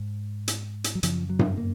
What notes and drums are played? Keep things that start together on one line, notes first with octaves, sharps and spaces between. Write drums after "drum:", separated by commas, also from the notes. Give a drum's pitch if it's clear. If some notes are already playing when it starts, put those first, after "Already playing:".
Already playing: G#2
drum: hi-hat
drum: hi-hat
F#3
F#2 C#3 F3, drum: hi-hat
F#3
drum: tom G2
A#3